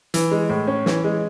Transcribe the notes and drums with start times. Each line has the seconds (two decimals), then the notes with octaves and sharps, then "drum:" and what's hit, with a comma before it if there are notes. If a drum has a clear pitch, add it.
0.14 E3, drum: hi-hat
0.31 G#3
0.49 A2
0.67 C#4
0.86 E3, drum: snare
1.04 G#3